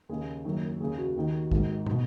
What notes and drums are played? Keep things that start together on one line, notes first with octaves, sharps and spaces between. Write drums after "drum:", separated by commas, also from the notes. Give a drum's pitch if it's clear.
D#2 C#3 G#4
F#1 F#2 D#3
D#2 C#3 G#4
F#4
D#2 D#3
G#1 G#2 D#3, drum: kick
B2 D#4, drum: tom